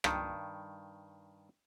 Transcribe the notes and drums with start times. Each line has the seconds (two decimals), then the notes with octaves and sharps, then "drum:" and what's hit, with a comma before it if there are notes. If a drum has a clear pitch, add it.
0.04 G2 D#3, drum: rim click